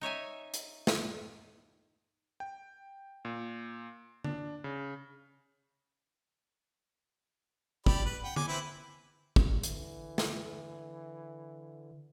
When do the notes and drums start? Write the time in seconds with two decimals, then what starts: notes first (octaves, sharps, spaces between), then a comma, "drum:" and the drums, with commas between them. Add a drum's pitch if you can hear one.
0.01 D#4 C#5 E5 G#5
0.54 drum: hi-hat
0.87 drum: snare
2.40 G5
3.25 A#2
4.24 D4, drum: tom D3
4.64 C#3
7.86 G4 D5 B5, drum: kick
8.06 B4
8.23 F#5 G5
8.36 G#5 D6, drum: tom D3
8.48 C4 E4 B4
9.36 drum: kick
9.63 D3 E3, drum: hi-hat
10.18 drum: snare